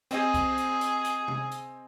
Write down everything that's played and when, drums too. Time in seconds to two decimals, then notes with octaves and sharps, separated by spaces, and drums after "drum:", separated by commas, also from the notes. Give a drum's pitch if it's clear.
0.11 C4 G#4 C5 D#5, drum: hi-hat
0.34 drum: kick B1, hi-hat
0.58 drum: hi-hat
0.81 drum: hi-hat
1.05 drum: hi-hat
1.28 drum: tom C3
1.52 drum: hi-hat